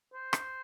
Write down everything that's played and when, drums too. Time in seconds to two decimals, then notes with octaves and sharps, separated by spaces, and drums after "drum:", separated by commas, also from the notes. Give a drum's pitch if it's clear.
0.14 C5
0.33 drum: rim click